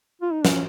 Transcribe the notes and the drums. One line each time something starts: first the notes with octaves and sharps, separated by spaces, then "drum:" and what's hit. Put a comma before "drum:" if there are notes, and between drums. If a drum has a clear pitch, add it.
F4
D#4
C#4, drum: snare